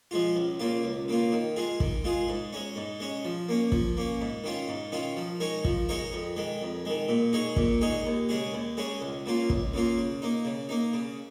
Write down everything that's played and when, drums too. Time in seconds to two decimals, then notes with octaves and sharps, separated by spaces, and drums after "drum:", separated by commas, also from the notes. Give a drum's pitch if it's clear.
0.11 F3 G#3 F4
0.36 C#2
0.60 C#3 A#3 F4
0.84 C#2
1.08 C#3 A#3 F4
1.32 D#3
1.56 G#3 F4 G#4
1.80 D#3, drum: kick
2.04 G#3 F4 G#4
2.28 G#2
2.53 G#3 C#4
2.76 G#2
3.00 G#3 C#4
3.25 F3
3.49 A#3 C#4
3.72 F3, drum: kick
3.97 A#3 C#4
4.21 G#2
4.44 D#3 C#4 F4
4.68 G#2
4.92 D#3 C#4 F4
5.17 F3
5.40 G#3 D#4 A#4 C#5
5.65 F3, drum: kick
5.89 G#3 D#4 A#4 C#5
6.13 F2
6.37 D#3 G#3
6.61 F2
6.85 D#3 G#3
7.09 A#2
7.33 G#3 D#4 G#4 C#5
7.56 A#2, drum: kick
7.81 G#3 D#4 G#4 C#5
8.06 D#2
8.29 C#3 G#3 C#4 G#4
8.53 D#2
8.77 C#3 G#3 C#4 G#4
9.01 C#2
9.26 C#3 A#3 F4
9.50 C#2, drum: kick
9.74 C#3 A#3 F4
9.98 C#3
10.22 A#3 D#4
10.45 C#3
10.69 A#3 D#4
10.93 C#3